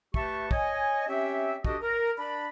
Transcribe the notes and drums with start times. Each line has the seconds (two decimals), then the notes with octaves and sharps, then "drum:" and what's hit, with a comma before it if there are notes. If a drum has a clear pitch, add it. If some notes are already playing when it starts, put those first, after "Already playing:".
0.14 A3 G4 B4 E5 A5 C#6, drum: kick
0.51 C#5 D#5 G#5, drum: kick
1.07 C4 C#4 G4 C#5 E5
1.65 D4 F#4 G4 A4 D#5, drum: kick
1.81 A#4
2.18 D4 D5 B5